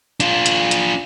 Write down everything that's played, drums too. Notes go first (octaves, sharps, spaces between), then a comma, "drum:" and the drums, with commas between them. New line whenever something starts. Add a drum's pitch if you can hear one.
D4 F4, drum: hi-hat
drum: hi-hat
drum: hi-hat